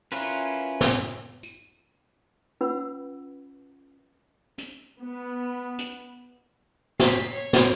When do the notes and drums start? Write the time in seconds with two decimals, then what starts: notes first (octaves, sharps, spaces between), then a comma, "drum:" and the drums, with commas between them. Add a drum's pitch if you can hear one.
0.12 C#4 E4 F4 A#4 B4, drum: open hi-hat
0.81 drum: snare
1.43 drum: tambourine
2.61 C#4 F4 B4 F#5 B5 E6
4.58 drum: hi-hat
5.02 B3
5.79 drum: hi-hat
7.00 B6 C7, drum: snare
7.32 C#5
7.53 drum: snare